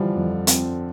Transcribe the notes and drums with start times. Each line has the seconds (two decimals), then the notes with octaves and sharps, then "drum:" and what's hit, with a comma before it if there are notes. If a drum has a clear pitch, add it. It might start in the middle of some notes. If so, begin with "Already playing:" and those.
Already playing: D3 E3 F3 G3
0.16 F2
0.47 C4, drum: hi-hat